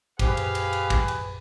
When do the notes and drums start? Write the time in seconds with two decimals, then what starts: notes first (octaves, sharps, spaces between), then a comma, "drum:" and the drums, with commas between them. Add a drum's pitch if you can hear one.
0.19 F#2 A#2 G4 G#4 B4 C5 F5, drum: kick, cymbal
0.37 drum: cymbal
0.55 drum: cymbal
0.73 drum: cymbal
0.90 drum: kick, cymbal
1.08 drum: cymbal